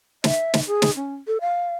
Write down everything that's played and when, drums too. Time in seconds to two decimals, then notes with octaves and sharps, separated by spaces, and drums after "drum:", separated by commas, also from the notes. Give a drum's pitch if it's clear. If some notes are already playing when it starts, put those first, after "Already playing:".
0.24 E5, drum: snare
0.54 drum: snare
0.67 G#4
0.82 drum: snare
0.96 C#4
1.27 A4
1.41 F5